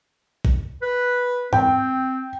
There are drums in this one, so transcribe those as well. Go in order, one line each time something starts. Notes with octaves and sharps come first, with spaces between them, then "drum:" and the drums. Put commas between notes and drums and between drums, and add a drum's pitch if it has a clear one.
drum: kick A1
B4
C4 G5, drum: tom G#2